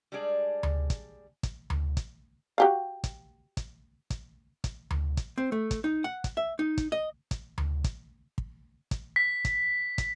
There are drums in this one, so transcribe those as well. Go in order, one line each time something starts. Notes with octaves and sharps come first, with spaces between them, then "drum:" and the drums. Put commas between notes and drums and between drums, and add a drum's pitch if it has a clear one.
G3 G#3 D4 G#4 D5
drum: tom D2
drum: kick, hi-hat
drum: kick, hi-hat
drum: tom D2
drum: kick, hi-hat
F#4 G4 F5
drum: kick, hi-hat
drum: kick, hi-hat
drum: kick, hi-hat
drum: kick, hi-hat
drum: tom D2
drum: kick, hi-hat
C4
A3
drum: kick, hi-hat
D#4
F#5
drum: kick, hi-hat
E5
D#4
drum: kick, hi-hat
D#5
drum: kick, hi-hat
drum: tom D2
drum: kick, hi-hat
drum: kick
drum: kick, hi-hat
B6
drum: kick, hi-hat
drum: kick, hi-hat